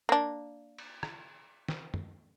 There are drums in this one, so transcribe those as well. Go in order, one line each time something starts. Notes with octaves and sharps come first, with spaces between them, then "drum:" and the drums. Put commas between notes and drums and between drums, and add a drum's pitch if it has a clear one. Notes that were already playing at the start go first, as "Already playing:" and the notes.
A#3 D4
drum: cymbal
drum: rim click
drum: snare
drum: tom